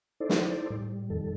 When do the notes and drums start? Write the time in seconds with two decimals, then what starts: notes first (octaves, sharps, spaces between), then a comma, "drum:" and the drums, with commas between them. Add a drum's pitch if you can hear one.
0.20 D#4 E4 A4 C5 D5
0.29 drum: snare
0.70 A2 G3
1.10 F2 D#3 G3 A4